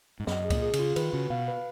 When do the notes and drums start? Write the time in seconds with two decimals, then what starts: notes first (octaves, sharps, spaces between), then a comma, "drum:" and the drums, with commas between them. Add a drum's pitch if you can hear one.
0.20 G#2
0.27 F#2 D#5, drum: snare
0.45 G#4
0.50 A#2, drum: kick C#2, cymbal
0.62 G#4
0.73 C#3, drum: cymbal
0.79 F4
0.96 D#3 B4, drum: cymbal
1.13 C#3 F#4
1.30 B2 F5
1.48 B4